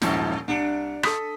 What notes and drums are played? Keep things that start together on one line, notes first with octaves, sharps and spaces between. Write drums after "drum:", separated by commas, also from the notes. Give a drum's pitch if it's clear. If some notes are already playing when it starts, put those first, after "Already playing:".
D#1 G2 F3 C#4, drum: snare
C2 D4 C#7
A4 D#6 B6, drum: rim click